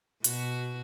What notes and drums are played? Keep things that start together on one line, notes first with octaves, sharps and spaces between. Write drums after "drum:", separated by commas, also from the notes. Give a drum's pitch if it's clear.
B2 F#4, drum: hi-hat